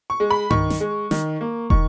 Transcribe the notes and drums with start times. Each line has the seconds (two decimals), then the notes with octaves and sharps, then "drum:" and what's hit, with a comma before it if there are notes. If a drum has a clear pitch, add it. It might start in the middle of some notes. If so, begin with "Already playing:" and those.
0.10 C#6
0.20 G#3
0.31 B5
0.50 D#3 C#6, drum: tom G2
0.70 drum: snare
0.80 G#3
1.11 D#3, drum: snare
1.41 A#3
1.70 D#3 C#6, drum: kick